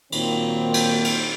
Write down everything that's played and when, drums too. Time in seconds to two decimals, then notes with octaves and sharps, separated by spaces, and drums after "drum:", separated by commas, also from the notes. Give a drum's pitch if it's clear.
0.12 A#2 D#3 F#3 A#3 C4, drum: cymbal
0.74 drum: cymbal
1.05 drum: cymbal